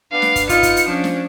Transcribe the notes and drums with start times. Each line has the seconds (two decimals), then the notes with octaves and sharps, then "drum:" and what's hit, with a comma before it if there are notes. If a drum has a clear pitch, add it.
0.12 B3 D4 F5
0.22 drum: snare
0.36 drum: kick, hi-hat
0.49 B3 D#4 F4 C#7, drum: kick, hi-hat
0.63 drum: kick, hi-hat
0.77 drum: hi-hat
0.87 F3 C#4 D4
1.04 drum: snare